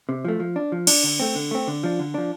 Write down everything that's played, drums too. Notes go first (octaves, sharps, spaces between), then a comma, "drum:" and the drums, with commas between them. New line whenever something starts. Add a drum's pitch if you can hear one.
C3
F3 A3
F3
D4
F3
D4, drum: cymbal
D3
A3 C4
D3
A3 C4
D3
F3 D4
D3
F3 D4